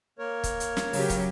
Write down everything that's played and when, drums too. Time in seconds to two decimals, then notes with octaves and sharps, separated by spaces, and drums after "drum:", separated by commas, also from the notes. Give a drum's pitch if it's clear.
0.19 A#3 A#4 C#5
0.44 drum: kick, hi-hat
0.60 drum: hi-hat
0.77 drum: snare
0.93 C#3 F#3 G4, drum: open hi-hat
1.10 drum: kick, hi-hat